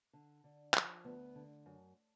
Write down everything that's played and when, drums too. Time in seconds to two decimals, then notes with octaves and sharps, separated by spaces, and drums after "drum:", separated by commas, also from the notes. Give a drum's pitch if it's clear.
0.13 D3
0.44 D3
0.74 F3, drum: clap
1.05 D2 B3
1.35 D3
1.66 F#2